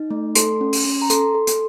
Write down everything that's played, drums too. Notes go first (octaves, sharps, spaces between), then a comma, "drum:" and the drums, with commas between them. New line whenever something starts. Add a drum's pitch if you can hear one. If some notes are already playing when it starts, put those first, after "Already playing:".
Already playing: D#4
A3
A4 C6, drum: hi-hat
C#4
drum: open hi-hat
C#4
A#5
A4 C6, drum: hi-hat
A4
drum: hi-hat